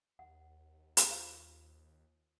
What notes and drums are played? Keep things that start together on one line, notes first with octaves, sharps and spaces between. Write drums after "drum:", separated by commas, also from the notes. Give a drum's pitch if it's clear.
D#2 F#5
drum: hi-hat
F4 C5 F5